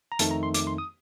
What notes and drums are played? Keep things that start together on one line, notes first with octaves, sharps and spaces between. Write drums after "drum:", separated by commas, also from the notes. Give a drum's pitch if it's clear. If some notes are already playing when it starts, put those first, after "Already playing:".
A#5
F2 D#3 A3 C4 D#4 A5, drum: hi-hat
A#5
C6
D6, drum: hi-hat
C6
D#6